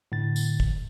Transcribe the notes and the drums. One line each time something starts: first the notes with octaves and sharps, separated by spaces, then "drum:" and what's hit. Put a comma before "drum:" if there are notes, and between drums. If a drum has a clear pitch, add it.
A2 D3 A6
drum: tambourine
drum: kick